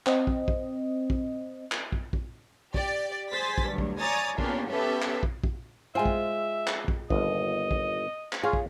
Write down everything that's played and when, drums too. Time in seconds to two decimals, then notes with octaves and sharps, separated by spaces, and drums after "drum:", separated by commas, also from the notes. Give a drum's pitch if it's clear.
0.07 C4 D#5, drum: clap
0.27 drum: kick
0.48 drum: kick
1.10 drum: kick
1.72 drum: clap
1.92 drum: kick
2.13 drum: kick
2.74 G4 D5, drum: kick
3.31 G#4 C5 G#5 A6 B6
3.58 drum: kick
3.68 D2 G2 F#3
3.78 drum: kick
3.99 C#5 D5 G#5 A#5 D#6 A6
4.38 C#3 A#3 B3 D4 F4 G4, drum: kick
4.68 B3 C#4 G4 A4 B4 E5
5.02 drum: clap
5.23 drum: kick
5.44 drum: kick
5.95 G#3 F4 C5 E5 G5 G#5
6.05 drum: kick
6.67 drum: clap
6.88 drum: kick
7.10 G1 D#2 D#5, drum: kick
7.71 drum: kick
8.33 drum: clap
8.43 F4 G#4 C#5 F5
8.53 drum: kick